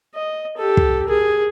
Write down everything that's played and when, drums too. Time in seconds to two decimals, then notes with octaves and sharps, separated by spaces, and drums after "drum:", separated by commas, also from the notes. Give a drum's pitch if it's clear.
0.15 D#5
0.58 G4 A4
0.77 drum: kick
1.07 G#4 A#4